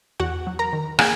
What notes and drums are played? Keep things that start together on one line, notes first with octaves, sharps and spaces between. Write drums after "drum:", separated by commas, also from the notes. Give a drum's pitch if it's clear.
E2 F#4 F#5
F#3
A#4 A#5
D#3
A#3 G#4 G#5, drum: rim click